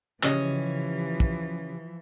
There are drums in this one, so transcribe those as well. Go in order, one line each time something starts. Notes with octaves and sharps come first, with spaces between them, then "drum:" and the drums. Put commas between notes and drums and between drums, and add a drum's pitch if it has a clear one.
C#3 E3 F3 C#4 G4 D#5, drum: clap
drum: kick